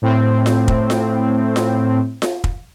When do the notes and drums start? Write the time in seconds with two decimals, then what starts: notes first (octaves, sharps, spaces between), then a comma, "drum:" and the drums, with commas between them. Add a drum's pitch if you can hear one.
0.02 A2 C4
0.46 drum: snare F4
0.68 drum: kick
0.90 drum: snare F4
1.56 drum: snare F4
2.22 drum: snare F4
2.44 drum: kick